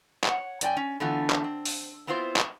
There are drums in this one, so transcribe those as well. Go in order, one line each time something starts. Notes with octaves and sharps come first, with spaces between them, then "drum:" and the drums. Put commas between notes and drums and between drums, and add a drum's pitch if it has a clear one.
C#5 F#5, drum: clap
F#2 D5 G5 G#5, drum: hi-hat
C#4
D3 E3 A3 B3 F4
drum: clap
C4
drum: open hi-hat
B3 C4 E4 F4 C5
drum: clap